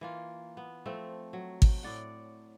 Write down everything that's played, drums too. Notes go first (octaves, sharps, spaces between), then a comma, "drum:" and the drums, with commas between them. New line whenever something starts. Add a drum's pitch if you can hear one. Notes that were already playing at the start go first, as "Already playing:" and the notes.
E3 A#3 F4
B3
F3 A3 C4
F#3
drum: kick G#1
A2 D5 F#5